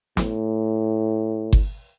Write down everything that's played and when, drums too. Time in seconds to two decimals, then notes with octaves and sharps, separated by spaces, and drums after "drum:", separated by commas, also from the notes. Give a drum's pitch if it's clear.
0.17 A2, drum: snare
1.53 drum: kick G1